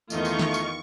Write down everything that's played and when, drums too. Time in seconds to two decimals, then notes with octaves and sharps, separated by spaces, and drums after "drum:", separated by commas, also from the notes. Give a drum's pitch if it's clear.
0.10 E2 D#3 A3 F4 D#5 C#6 G6, drum: tambourine
0.25 drum: tambourine
0.39 drum: snare
0.54 drum: tambourine